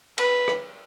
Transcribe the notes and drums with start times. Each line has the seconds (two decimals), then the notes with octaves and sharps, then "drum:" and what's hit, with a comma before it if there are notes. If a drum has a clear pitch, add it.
0.18 B4, drum: cymbal
0.48 drum: rim click